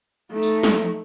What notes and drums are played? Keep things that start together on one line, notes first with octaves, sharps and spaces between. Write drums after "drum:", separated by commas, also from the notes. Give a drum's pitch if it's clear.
A3 D#4
drum: tambourine
drum: snare